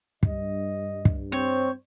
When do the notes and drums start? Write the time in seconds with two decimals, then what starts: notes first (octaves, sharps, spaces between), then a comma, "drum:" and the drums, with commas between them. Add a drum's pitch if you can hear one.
0.23 G2 D#5, drum: kick
1.05 drum: kick
1.32 C4 C5 C#5